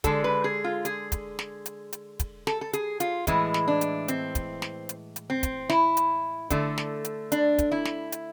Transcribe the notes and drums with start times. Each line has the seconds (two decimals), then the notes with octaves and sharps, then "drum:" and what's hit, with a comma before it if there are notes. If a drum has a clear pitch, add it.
0.04 D3 G#3 A4, drum: kick, hi-hat
0.24 B4
0.44 G#4
0.64 F4
0.85 G#4, drum: hi-hat
1.12 drum: kick, hi-hat
1.39 drum: snare
1.66 drum: hi-hat
1.93 drum: hi-hat
2.19 drum: kick, hi-hat
2.47 A4, drum: snare
2.61 A4
2.73 G#4, drum: hi-hat
3.00 F4, drum: hi-hat
3.27 A2 E3 G#3 E4, drum: kick, hi-hat
3.54 drum: snare
3.68 D4
3.81 drum: hi-hat
4.08 C4, drum: hi-hat
4.35 drum: kick, hi-hat
4.62 drum: snare
4.89 drum: hi-hat
5.16 drum: hi-hat
5.30 C4
5.43 drum: kick, hi-hat
5.69 E4, drum: snare
5.97 drum: hi-hat
6.50 D3 A3, drum: kick, hi-hat
6.78 drum: snare
7.05 drum: hi-hat
7.32 D4, drum: hi-hat
7.58 drum: kick, hi-hat
7.72 E4
7.85 drum: snare
8.12 drum: hi-hat